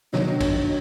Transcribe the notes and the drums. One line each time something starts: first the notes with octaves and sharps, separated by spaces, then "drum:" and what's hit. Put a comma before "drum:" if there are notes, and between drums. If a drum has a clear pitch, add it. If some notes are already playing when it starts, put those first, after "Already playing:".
D#3 F#3 D4 D#4, drum: snare
drum: kick, cymbal